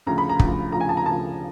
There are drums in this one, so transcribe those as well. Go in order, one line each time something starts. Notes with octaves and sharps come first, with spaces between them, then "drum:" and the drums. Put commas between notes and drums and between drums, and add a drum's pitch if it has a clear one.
D2 C#3 F3 A#5
B5
A#5
D2 C#3 F3, drum: kick
D2 C#3 F3 A#5
G#5
A5
A#5
D2 C#3 F3 A5